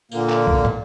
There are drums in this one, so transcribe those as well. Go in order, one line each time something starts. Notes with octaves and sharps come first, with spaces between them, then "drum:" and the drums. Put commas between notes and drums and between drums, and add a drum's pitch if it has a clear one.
A#2 D3 A#3, drum: tambourine
drum: clap
drum: kick B1
drum: tom